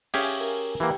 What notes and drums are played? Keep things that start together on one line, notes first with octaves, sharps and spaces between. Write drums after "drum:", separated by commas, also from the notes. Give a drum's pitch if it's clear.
C#4 G4 G#4 E5 F5, drum: open hi-hat
A#4 G#5
E3 A#3 G4 G5